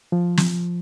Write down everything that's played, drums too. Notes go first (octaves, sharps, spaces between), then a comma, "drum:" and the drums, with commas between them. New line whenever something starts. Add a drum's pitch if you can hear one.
F3
drum: snare